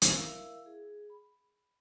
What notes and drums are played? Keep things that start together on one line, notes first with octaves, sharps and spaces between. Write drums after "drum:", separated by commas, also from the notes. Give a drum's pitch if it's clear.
E4 A#4 E5 F5 E6, drum: hi-hat
G#4
B5